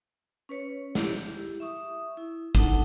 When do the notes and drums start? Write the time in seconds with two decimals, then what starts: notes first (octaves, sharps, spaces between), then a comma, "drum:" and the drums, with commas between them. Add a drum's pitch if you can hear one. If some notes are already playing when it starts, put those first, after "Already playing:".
0.49 C#4 B4 C#5
0.95 E4 G4, drum: snare
1.60 E5 C#6 D#6
2.17 E4
2.55 D4 D#4 A4 F#5 A5, drum: kick